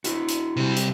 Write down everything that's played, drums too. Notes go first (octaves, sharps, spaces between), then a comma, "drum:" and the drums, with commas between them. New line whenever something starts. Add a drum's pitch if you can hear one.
E4 F#4, drum: hi-hat
drum: hi-hat
C3 G3
drum: hi-hat